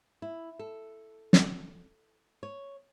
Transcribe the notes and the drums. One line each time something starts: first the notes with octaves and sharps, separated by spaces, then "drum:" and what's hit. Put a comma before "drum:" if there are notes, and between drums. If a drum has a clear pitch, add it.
E4
A4
drum: snare
C#5